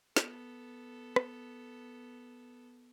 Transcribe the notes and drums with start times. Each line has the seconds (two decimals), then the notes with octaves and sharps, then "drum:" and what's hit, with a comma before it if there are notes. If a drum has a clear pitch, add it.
0.16 B3 A4, drum: snare
1.16 drum: rim click